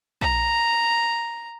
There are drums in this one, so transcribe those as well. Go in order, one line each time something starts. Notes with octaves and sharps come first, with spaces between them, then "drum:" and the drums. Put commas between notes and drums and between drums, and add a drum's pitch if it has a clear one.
A#5, drum: kick